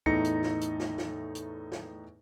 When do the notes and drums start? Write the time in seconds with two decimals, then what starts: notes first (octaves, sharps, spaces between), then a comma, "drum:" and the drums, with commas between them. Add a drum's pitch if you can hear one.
0.06 E2 A2 D#4 A4 A#6 C#7, drum: kick C#2
0.24 drum: hi-hat
0.43 drum: snare
0.61 drum: hi-hat
0.80 drum: snare
0.98 drum: snare
1.35 drum: hi-hat
1.72 drum: snare